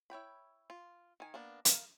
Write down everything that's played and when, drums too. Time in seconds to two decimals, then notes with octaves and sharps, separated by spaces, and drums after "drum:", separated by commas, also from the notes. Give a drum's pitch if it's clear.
0.10 E4 C#5 G5 B5
0.70 F4
1.20 D#3 G#5
1.34 A#3 B3 D4
1.65 A#4 F5, drum: hi-hat